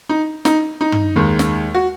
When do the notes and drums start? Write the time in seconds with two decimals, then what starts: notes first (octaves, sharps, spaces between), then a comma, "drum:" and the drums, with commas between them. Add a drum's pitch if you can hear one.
0.09 D#4
0.45 D#4, drum: snare
0.81 D#4
0.92 drum: tom
1.16 D#2 D#3 G#3
1.39 drum: snare
1.75 F#4